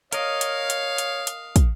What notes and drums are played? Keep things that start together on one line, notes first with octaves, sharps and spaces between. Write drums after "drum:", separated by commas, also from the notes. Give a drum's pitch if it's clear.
A#4 C#5 D#5 F5, drum: hi-hat
drum: hi-hat
drum: hi-hat
drum: hi-hat
drum: hi-hat
drum: kick, hi-hat